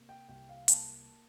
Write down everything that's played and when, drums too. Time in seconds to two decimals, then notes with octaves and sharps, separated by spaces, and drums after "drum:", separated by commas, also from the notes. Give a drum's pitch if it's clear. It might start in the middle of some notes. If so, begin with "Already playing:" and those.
Already playing: C3 A#3
0.09 G5
0.29 C2 G5
0.49 F5
0.68 A#3 A5, drum: hi-hat